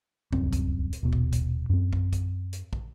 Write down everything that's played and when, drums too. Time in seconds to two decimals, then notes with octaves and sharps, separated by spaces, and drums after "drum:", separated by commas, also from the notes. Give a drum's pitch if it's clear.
0.33 D1 C2 F#2 C4, drum: kick
0.53 drum: kick, hi-hat
0.93 drum: hi-hat
1.03 D#1 B2
1.13 drum: kick
1.33 drum: kick, hi-hat
1.70 F#2 C4
1.93 drum: kick
2.13 drum: kick, hi-hat
2.53 drum: hi-hat
2.73 drum: kick